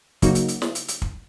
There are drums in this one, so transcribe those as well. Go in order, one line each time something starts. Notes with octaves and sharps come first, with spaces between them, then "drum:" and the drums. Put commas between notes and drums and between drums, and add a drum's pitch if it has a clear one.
C#3 F#3 A#3 D#4 F#4, drum: kick, hi-hat
drum: hi-hat
drum: hi-hat
drum: snare
drum: hi-hat
drum: hi-hat
drum: kick